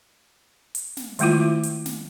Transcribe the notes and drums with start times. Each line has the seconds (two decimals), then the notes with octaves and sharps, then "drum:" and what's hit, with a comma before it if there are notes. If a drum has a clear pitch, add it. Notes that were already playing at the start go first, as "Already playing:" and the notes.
0.75 drum: hi-hat
0.97 drum: snare
1.19 D#3 G#3 A3 E4 F4, drum: hi-hat
1.63 drum: hi-hat
1.86 drum: snare